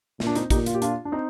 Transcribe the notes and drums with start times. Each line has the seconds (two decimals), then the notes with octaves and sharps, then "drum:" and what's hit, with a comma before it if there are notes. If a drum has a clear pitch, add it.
0.20 A#2, drum: snare
0.27 D4
0.35 C4 D#4, drum: hi-hat
0.50 A#2 D#4 G4, drum: kick, hi-hat
0.66 F4, drum: hi-hat
0.74 G4
0.82 D4 F4, drum: hi-hat
1.05 D4
1.12 C4 D#4